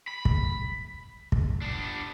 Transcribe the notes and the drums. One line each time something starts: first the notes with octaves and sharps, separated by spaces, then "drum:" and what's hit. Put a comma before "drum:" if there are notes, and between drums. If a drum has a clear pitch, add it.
B5
drum: kick
drum: kick
B3 D4